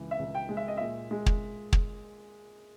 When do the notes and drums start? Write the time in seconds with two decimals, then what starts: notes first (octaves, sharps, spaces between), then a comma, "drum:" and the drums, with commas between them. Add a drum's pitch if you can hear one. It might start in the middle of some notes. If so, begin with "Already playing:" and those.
Already playing: C#2 E3
0.11 E5
0.19 C#2
0.35 G5
0.49 G#3
0.57 E5
0.68 D#5
0.77 A#2 E5
1.11 G#3
1.26 drum: kick
1.73 drum: kick